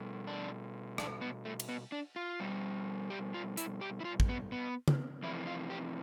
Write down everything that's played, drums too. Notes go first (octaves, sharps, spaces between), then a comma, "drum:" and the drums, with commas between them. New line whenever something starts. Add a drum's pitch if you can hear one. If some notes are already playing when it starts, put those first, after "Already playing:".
Already playing: B2 G3
D4
D4, drum: rim click
B3
A3
drum: cymbal
B3
D4
F4
B2 G3
G4
F4
E4, drum: hi-hat
G4
E4
F4
drum: kick
B3
B3
drum: tom C#3
F2 C3 E3 E4
F4
G4